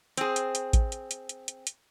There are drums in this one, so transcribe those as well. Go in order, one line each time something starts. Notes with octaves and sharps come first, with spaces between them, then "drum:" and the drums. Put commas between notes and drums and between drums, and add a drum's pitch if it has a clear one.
C4 G#4, drum: hi-hat
drum: hi-hat
drum: hi-hat
drum: kick A1, hi-hat
drum: hi-hat
drum: hi-hat
drum: hi-hat
drum: hi-hat
drum: hi-hat